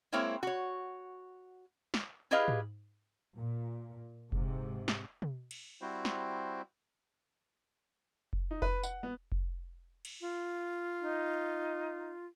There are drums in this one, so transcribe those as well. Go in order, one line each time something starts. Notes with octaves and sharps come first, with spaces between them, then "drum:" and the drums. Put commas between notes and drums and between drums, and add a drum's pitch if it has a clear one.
G#3 A#3 C4 E4 C#5
F#4 C#5, drum: rim click
drum: snare
E4 G4 G#4 B4 D#5 F5
drum: tom G#2
A#2
G#2 C3, drum: kick F1
drum: snare
drum: tom
drum: cymbal
G3 C4 E4 F#4 C5
drum: snare
drum: kick F1
D#4
B4, drum: kick F1
F#5, drum: tambourine
B3
drum: kick F1
drum: cymbal
F4
D#4